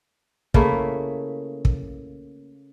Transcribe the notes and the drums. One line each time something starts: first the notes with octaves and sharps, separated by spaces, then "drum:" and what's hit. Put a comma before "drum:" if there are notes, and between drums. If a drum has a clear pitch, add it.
C#3 A3 A#3 E4, drum: kick
drum: kick